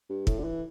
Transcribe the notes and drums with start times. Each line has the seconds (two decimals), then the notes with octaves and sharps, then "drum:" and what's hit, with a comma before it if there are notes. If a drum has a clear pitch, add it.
0.09 G2
0.27 A2, drum: kick
0.39 D3
0.44 E3